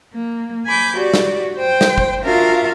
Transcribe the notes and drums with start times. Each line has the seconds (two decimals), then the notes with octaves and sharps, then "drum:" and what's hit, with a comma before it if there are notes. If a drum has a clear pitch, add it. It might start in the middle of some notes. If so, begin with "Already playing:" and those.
0.13 A#3
0.65 G#5 B5 D6 G6
0.96 F#4 G4 D5
1.14 drum: snare
1.57 C5 G5
1.81 drum: snare
1.98 drum: kick
2.23 D4 F4 F#4 A#4 E5 F5